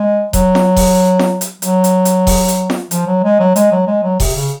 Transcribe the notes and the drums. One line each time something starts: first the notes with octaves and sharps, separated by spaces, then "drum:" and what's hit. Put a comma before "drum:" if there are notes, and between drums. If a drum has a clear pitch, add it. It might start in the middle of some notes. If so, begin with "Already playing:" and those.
Already playing: G#3
F#3, drum: kick D#1, hi-hat
drum: snare
drum: kick D#1, open hi-hat
drum: snare
drum: hi-hat
F#3, drum: hi-hat
drum: hi-hat
drum: hi-hat
drum: kick D#1, open hi-hat
drum: hi-hat
drum: snare
F3, drum: hi-hat
F#3
G#3
F#3
G#3, drum: hi-hat
F#3
G#3
F#3
C3, drum: kick D#1, open hi-hat
C#3